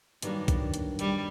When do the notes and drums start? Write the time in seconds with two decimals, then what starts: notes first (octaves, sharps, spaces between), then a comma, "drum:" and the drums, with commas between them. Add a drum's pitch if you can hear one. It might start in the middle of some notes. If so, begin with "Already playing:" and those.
0.22 G2 D#3 F#3 G3 A#3 D4, drum: hi-hat
0.48 drum: kick, hi-hat
0.74 drum: hi-hat
0.99 G3, drum: hi-hat